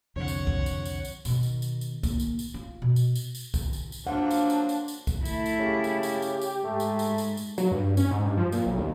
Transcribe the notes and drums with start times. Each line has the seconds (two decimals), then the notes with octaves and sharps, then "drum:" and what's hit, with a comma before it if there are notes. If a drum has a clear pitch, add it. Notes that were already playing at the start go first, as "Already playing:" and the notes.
0.16 C2 F2 D3 C#5 F#5
0.28 drum: tambourine
0.47 drum: kick B1
0.66 drum: tambourine
0.85 drum: tambourine
1.05 drum: tambourine
1.25 B2 D#3, drum: tambourine
1.43 drum: tambourine
1.62 drum: tambourine
1.81 drum: tambourine
2.03 A#3, drum: kick B1, tambourine
2.20 drum: tambourine
2.39 drum: tambourine
2.54 F4
2.82 B2
2.96 drum: tambourine
3.15 drum: tambourine
3.35 drum: tambourine
3.54 drum: kick B1, tambourine
3.73 drum: tambourine
3.92 drum: tambourine
4.07 F3 F#3 A#3 D4 F#5
4.31 drum: tambourine
4.50 drum: tambourine
4.69 drum: tambourine
4.88 drum: tambourine
5.07 drum: kick B1, tambourine
5.25 A3 E4, drum: tambourine
5.46 drum: tambourine
5.59 C#3 G4
5.84 drum: tambourine
6.03 drum: tambourine
6.22 drum: tambourine
6.41 drum: tambourine
6.64 G#2 A3
6.80 drum: tambourine
6.99 drum: tambourine
7.18 drum: tambourine
7.37 drum: tambourine
7.58 F#3, drum: tambourine
7.71 G2
7.97 C#4, drum: tambourine
8.11 G#2
8.25 G2
8.37 F3
8.52 A#2, drum: tambourine
8.66 B1
8.78 D#2